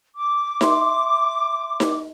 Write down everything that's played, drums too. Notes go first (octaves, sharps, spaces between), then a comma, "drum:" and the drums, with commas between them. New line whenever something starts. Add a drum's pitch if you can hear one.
D6
E5 C6, drum: snare D#4
drum: snare D#4